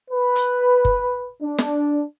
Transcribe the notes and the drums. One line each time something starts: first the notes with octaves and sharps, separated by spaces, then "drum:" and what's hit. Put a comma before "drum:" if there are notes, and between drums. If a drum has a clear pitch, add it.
B4
drum: hi-hat
drum: kick F#1
D4
drum: snare